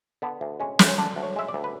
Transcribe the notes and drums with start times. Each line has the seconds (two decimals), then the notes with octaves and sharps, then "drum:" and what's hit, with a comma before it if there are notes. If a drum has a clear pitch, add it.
0.22 D3 B3
0.41 D2
0.60 G#3 C#4
0.79 D2, drum: snare
0.88 C#4
0.98 D3 D4
1.16 D2
1.23 C#5
1.36 G#3 E5
1.48 D5
1.54 D2
1.64 B4